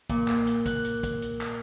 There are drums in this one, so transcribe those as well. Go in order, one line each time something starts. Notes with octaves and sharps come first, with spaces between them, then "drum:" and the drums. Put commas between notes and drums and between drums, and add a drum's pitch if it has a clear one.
A#2, drum: kick, hi-hat
drum: clap
drum: hi-hat
F#6, drum: kick, hi-hat
drum: hi-hat
drum: kick, hi-hat
drum: hi-hat
drum: clap